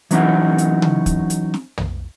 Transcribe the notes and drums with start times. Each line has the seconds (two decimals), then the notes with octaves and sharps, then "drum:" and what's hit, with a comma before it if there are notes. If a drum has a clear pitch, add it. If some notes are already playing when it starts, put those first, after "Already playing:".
0.11 E3 F#3 C#4 D#4 F#4, drum: hi-hat
0.58 drum: hi-hat
0.82 drum: tom C#3
1.06 drum: kick, hi-hat
1.30 drum: hi-hat
1.54 drum: snare
1.78 drum: tom